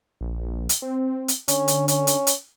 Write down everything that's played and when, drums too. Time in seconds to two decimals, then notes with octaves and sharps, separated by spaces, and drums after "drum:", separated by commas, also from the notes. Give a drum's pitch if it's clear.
0.21 A#1
0.69 drum: hi-hat
0.82 C4
1.28 drum: hi-hat
1.48 D3 C#4, drum: hi-hat
1.68 drum: hi-hat
1.88 C#4, drum: hi-hat
2.07 drum: hi-hat
2.27 drum: hi-hat